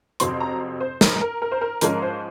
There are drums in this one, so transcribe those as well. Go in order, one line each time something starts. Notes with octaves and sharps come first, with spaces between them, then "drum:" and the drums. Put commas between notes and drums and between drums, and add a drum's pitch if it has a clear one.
F2 C3 F#3 C4 C6, drum: hi-hat
A#5
C5
A#4, drum: snare
A#4
A#4
C5
A#4
G#2 F3 G#3 C#4 A#4, drum: hi-hat
C5